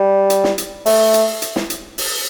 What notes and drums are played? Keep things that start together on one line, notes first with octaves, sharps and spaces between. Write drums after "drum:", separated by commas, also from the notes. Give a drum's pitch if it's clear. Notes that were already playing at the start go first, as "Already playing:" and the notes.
Already playing: G3
drum: hi-hat
drum: snare
drum: hi-hat
A3, drum: open hi-hat
drum: hi-hat
drum: hi-hat
drum: snare
drum: hi-hat
drum: open hi-hat